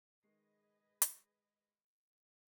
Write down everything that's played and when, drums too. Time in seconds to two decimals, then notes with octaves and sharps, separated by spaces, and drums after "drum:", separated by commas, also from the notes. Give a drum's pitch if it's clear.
0.23 D#3 G#3 G#4 B4 D#5 C7
1.02 drum: hi-hat